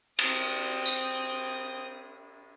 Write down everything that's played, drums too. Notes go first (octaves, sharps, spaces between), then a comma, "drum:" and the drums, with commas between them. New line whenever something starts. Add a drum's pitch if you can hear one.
C4 D#6, drum: cymbal
drum: tambourine